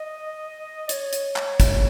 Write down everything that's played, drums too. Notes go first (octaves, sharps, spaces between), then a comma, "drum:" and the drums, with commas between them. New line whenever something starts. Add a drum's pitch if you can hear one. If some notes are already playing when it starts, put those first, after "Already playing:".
Already playing: D#5
C#5, drum: hi-hat
drum: hi-hat
drum: clap
drum: kick, hi-hat